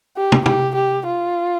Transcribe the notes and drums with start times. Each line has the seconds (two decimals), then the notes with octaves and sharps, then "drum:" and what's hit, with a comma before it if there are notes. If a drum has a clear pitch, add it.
0.17 G4
0.32 drum: tom
0.46 G4, drum: tom
0.75 G4
1.06 F4